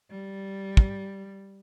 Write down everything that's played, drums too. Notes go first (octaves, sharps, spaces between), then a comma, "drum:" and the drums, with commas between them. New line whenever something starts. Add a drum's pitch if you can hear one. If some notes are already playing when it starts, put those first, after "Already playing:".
G3
drum: kick